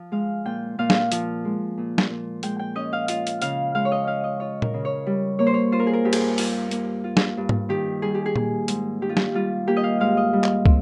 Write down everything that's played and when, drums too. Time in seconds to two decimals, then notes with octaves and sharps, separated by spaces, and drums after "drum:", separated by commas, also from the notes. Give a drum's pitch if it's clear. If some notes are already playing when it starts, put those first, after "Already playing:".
Already playing: F3
0.12 G#3 F5
0.45 A#2 G5
0.79 A#2 F5
0.90 drum: snare
1.12 F3, drum: hi-hat
1.45 G#3
1.78 A#2
1.98 drum: snare
2.10 A#2
2.43 G#3 G5, drum: hi-hat
2.59 G5
2.75 C#4 D#5
2.93 F5
3.08 F4 F5, drum: hi-hat
3.27 drum: hi-hat
3.42 C#3 F5, drum: hi-hat
3.75 G#3 F5
3.85 C#5
3.92 D#5
4.07 C#4 F5
4.24 D#5
4.40 F4 C#5
4.62 A#4, drum: tom A#2
4.74 C#3
4.85 C#5
5.06 G3
5.39 A#3 C#5
5.47 C5
5.54 C#5
5.72 F4 C5
5.79 A#4
5.87 G#4
5.93 A#4
6.05 G2 G4
6.13 G#4, drum: cymbal
6.20 G4
6.38 G3 F4, drum: open hi-hat
6.71 A#3, drum: hi-hat
7.04 F4
7.17 drum: snare
7.37 G2
7.49 drum: tom G#2
7.69 D#3 G4
8.02 G3 G#4
8.14 G4
8.26 G#4
8.36 A#3, drum: tom A#2
8.68 G#2, drum: hi-hat
9.01 D#3 G4
9.09 F4
9.17 G4, drum: snare
9.34 G3 F4
9.67 A#3 G4
9.76 D#5
9.84 F5
10.00 G#2 F5
10.17 D#5
10.33 G3
10.44 drum: clap
10.66 C4, drum: kick